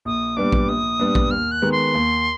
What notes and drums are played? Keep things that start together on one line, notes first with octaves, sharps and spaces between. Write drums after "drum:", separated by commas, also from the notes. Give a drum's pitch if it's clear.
A#1 D#6
A#2 G3 B3 D4 D6
drum: kick A#1
A#1 D#6
A#2 G3 B3 D4
drum: kick A#1
D#2 F6
F#6
D#3 G#3 B3
C6
D#2